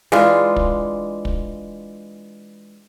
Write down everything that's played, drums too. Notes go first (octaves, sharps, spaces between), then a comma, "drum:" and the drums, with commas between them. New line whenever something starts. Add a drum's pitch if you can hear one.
E3 G#3 D4 F4, drum: snare
drum: kick
drum: kick